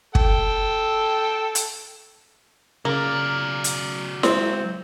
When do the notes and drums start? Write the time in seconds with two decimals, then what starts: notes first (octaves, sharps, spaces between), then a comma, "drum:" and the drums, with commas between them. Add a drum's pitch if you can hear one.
0.15 A4 G5, drum: kick
1.55 drum: hi-hat
2.85 C#3 F#3 A#3 D5
3.64 drum: hi-hat
4.23 G#3 C4, drum: snare E4